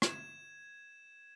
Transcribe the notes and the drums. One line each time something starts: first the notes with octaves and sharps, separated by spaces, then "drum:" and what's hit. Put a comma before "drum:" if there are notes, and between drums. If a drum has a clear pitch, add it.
G#6 E7, drum: rim click